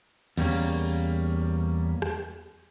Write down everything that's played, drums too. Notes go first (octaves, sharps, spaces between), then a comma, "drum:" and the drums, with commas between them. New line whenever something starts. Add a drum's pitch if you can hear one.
E2 G3 A#3 C#4, drum: cymbal
drum: rim click